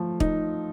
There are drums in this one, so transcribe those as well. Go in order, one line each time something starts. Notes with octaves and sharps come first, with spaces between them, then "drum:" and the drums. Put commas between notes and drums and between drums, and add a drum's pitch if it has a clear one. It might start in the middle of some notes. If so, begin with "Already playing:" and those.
Already playing: F3 A3
D#4, drum: kick